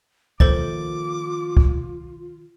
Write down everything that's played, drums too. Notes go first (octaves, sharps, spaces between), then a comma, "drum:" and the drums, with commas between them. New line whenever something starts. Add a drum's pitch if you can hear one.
D#3 F3 A#3 F4 A4 C5 D6 A6, drum: kick
drum: kick